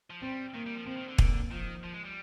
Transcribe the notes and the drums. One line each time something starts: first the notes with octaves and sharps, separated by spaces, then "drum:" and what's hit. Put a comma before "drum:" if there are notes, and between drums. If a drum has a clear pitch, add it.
F3
G3 C4
D#3 A#3
G3
F3
F3 C4
D#3
D3
A#3, drum: kick
D#3 F3
F3
G#3
G3